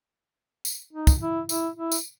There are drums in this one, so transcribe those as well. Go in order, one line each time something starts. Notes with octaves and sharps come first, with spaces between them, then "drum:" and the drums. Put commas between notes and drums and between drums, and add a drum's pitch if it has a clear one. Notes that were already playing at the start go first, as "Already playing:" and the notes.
drum: tambourine
D#4
drum: kick, tambourine
E4
E4, drum: tambourine
E4
drum: tambourine